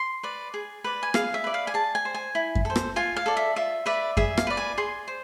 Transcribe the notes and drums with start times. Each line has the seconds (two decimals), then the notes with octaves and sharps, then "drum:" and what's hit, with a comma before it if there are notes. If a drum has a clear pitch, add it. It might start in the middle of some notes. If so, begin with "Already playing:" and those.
Already playing: C6
0.23 B4 D5
0.54 G#4
0.84 B4 D5
1.03 G#5
1.14 G#4 F5, drum: rim click
1.34 E5
1.44 B4 D5
1.54 F5
1.67 G#5
1.74 G#4 A5
1.95 G#5
2.05 C5
2.14 G#5
2.35 E4
2.55 drum: kick F#2
2.65 A4 C5
2.76 drum: rim click
2.96 F4 G#5
3.16 F5
3.26 A4 D5
3.37 E5
3.56 F4 E5
3.86 B4 D5 E5
4.17 G#4 E5, drum: kick F#2
4.37 F5, drum: rim click
4.47 B4 D5
4.57 G#5
4.78 G#4 C6
5.08 C5